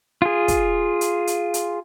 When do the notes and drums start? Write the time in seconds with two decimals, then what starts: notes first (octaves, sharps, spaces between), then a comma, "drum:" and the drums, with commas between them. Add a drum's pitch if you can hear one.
0.22 F4 G#4
0.48 drum: kick, hi-hat
1.01 drum: hi-hat
1.27 drum: hi-hat
1.54 drum: hi-hat